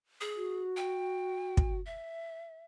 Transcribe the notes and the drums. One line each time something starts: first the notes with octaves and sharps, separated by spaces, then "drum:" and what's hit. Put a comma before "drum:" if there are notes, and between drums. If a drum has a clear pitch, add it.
G#4
F#4
G5
drum: kick
E5